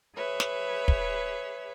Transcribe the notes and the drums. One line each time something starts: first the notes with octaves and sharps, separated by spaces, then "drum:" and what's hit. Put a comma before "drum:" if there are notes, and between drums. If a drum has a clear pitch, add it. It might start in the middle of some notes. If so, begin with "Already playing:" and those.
G#4 B4 C#5 E5
drum: snare
drum: kick